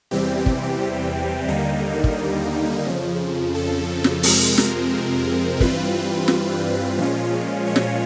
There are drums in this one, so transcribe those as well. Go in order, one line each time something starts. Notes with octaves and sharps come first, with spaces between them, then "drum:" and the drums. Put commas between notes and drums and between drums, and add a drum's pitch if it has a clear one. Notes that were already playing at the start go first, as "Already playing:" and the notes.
E2 C3 E3 G3 C4 G4
drum: kick
D#2 D3 G3 A#3 D#4
drum: kick
F2 C#3 F3
A4
drum: snare
F2 C3 F3 G#3 C4 A#4, drum: open hi-hat
A#4, drum: snare
G2 E3 G3 C4 F4 B4, drum: kick
drum: snare
A#2 F3 G#3 C#4 F4
C#5
drum: snare